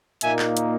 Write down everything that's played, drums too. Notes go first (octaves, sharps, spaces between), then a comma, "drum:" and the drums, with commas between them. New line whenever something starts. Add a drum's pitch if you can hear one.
A#2 A#3 D#4 E5 G#5, drum: hi-hat
drum: clap
drum: hi-hat